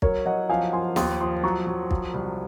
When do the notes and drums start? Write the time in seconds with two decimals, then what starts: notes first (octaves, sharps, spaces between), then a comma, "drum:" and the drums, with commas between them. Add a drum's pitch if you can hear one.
0.02 F#3 A#4 C#5, drum: kick
0.25 F#3 D#5 F#5
0.49 F3 F5 G#5
0.73 F3 G#5 C6
0.96 D#2 C6 D#6, drum: snare B3
1.20 F3 C6 D#6
1.43 F#3 A#5 C#6
1.67 F#3
1.91 F3, drum: kick
2.14 C2